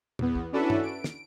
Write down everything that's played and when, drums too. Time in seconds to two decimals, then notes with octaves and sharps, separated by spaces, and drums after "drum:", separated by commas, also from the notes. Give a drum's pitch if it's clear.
0.19 E2 B3, drum: tom
0.35 drum: kick
0.53 C#4 D4 E4 F#4 A4 B4
0.70 drum: tom G2
0.83 D7
1.04 drum: snare